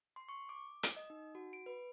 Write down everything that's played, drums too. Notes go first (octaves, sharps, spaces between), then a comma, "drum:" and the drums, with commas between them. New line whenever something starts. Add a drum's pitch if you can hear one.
C6
C#6
D6
drum: hi-hat
D#5
D#4
F#4
D7
B4